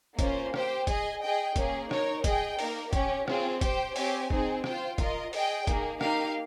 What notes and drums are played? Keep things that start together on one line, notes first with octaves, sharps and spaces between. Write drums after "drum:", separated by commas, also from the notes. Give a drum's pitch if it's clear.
A#3 C#4 F4 C5, drum: kick, hi-hat
G4 C5 G5, drum: rim click
G#4 D#5 G#5, drum: kick, hi-hat
G#4 D#5 G5
A#3 C#4 G#4, drum: kick, hi-hat
D#4 A#4 C#5, drum: rim click
G#4 D#5 G5, drum: kick, hi-hat
A#3 D#4 A#4, drum: open hi-hat
C#4 G4 C#5, drum: kick, hi-hat
C4 F4 G#4 C#5, drum: rim click
G4 C5 G5, drum: kick, hi-hat
C4 G4 C#5 G#5, drum: open hi-hat
C4 D#4 G#4, drum: kick
F4 C5 G5, drum: rim click
F4 A#4 D#5, drum: kick, hi-hat
G#4 D#5 G5, drum: open hi-hat
A#3 D#4 G#4, drum: kick, hi-hat
A#3 D#4 G4 A#4 F5, drum: rim click